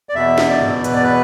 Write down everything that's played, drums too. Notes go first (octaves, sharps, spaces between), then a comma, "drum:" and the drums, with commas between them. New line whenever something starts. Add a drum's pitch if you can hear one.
D5
E2 B2 B3 E5
drum: snare
D5
drum: tom G2
B4, drum: hi-hat
D5
B4